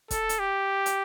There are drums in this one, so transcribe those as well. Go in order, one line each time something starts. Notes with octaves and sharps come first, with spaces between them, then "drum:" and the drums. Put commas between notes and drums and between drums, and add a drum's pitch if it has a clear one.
A4, drum: kick, hi-hat
drum: hi-hat
G4
drum: hi-hat